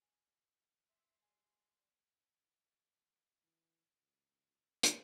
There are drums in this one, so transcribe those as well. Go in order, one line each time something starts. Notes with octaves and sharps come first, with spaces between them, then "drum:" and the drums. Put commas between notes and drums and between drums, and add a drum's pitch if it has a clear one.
G#4
E5 C6 E6
G3 G#4 E5 G#5
E3
C#2
drum: hi-hat